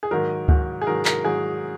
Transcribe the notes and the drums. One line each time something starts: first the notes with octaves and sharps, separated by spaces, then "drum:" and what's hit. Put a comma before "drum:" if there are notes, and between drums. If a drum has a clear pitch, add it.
G#4
G#2 D#3 F#3 A#4
G#2 D#3 F#3, drum: kick C#2
G#4
G#2 D#3 F#3 A#4
A#4, drum: clap
G#2 D#3 F#3 G#4